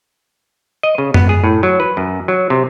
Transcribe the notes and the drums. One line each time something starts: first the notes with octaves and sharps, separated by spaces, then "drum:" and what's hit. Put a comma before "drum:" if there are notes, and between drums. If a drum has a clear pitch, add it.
D#5
C#3
B3, drum: tom F#2
G#4
A2
F#3
B4
F#2
F#3
C3